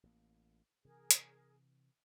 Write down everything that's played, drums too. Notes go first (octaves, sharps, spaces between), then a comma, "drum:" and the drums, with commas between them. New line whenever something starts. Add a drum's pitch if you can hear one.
A1 A#3
C3 E3 G#4 A#4
drum: hi-hat